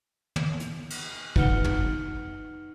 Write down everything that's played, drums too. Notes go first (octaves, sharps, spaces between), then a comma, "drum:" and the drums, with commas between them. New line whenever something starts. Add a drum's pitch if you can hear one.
drum: tom
drum: hi-hat
drum: cymbal
D#4 B4 F#5 F6 C#7 G7, drum: kick
drum: tom